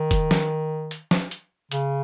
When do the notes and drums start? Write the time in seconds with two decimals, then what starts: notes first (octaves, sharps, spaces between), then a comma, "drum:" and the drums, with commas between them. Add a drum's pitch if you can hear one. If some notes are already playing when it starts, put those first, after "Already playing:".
Already playing: D#3
0.11 drum: kick F1, hi-hat
0.31 drum: snare
0.91 drum: hi-hat
1.11 drum: snare
1.31 drum: hi-hat
1.72 C#3, drum: hi-hat